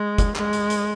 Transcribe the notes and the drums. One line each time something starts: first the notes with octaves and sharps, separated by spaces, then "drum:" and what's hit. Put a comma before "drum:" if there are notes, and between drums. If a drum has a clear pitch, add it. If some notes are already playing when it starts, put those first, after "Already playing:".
Already playing: G#3
drum: kick, hi-hat
G#3, drum: clap
drum: hi-hat
drum: hi-hat